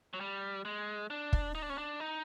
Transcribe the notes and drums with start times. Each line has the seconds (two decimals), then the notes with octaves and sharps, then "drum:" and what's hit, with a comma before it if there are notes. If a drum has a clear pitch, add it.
0.14 F#3
0.20 G3
0.65 G#3
1.10 D4
1.33 drum: kick
1.55 D#4
1.62 D4
1.70 C#4
1.78 D4
2.00 D#4